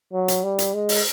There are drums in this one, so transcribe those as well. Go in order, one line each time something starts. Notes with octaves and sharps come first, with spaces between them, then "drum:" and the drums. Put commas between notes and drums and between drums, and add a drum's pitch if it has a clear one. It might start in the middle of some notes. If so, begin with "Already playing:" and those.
F#3
drum: hi-hat
G3
drum: hi-hat
G#3
drum: open hi-hat